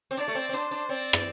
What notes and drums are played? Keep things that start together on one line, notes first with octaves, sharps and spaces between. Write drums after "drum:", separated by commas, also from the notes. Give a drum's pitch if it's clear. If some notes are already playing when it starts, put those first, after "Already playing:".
C4
D4 D5
A3
C4
C4
D4 C5
D4
C4 D5
drum: rim click